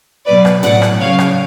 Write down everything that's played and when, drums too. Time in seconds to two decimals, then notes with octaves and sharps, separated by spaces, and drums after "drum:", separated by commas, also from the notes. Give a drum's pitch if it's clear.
0.26 B2 F#3 B4 D5
0.45 drum: rim click
0.63 A2 F#3 D5 F#5, drum: tom A#2
0.82 drum: rim click
1.00 C#3 F#3 C#5 F5
1.19 drum: rim click